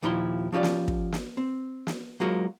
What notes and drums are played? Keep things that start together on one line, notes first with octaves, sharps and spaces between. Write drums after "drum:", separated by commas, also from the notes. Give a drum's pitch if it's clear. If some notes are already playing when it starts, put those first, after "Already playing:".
D#2 A#2 F3 E4 A#5 C6
F3 C#4 F4 G4 D5
drum: snare
drum: kick
drum: snare
C4
drum: snare
F#3 G#3 A#3 F4 F#4